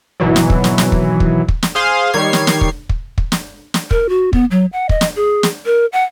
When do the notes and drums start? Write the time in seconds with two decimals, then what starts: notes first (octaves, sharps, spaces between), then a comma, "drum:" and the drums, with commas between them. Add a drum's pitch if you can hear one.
0.20 G#1 B2 E3 F#3
0.36 drum: snare
0.50 drum: kick
0.64 drum: snare
0.78 drum: snare
0.92 drum: kick
1.20 drum: kick
1.48 drum: kick
1.63 drum: snare
1.75 G#4 C5 F5 C6 D#6
2.13 D#3 G3 C#5 G#6 C7
2.33 drum: snare
2.47 drum: snare
2.61 drum: kick
2.89 drum: kick
3.18 drum: kick
3.32 drum: snare
3.74 drum: snare
3.91 A#4, drum: kick
4.09 F#4
4.33 B3, drum: kick
4.51 F#3
4.73 F#5
4.89 D#5, drum: kick
5.01 drum: snare
5.16 G#4
5.43 drum: snare
5.66 A#4
5.93 F#5